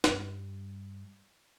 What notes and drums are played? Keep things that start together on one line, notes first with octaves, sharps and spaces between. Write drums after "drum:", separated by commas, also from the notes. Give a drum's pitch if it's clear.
G2 G3, drum: snare